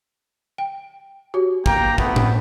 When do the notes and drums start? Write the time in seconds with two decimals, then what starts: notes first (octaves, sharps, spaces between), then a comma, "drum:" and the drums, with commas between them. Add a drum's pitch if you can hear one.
0.58 G5
1.34 F#4 G4 C#5
1.66 A#3 G5 A#5, drum: kick
1.98 A3 B3 B5, drum: kick
2.16 drum: tom A2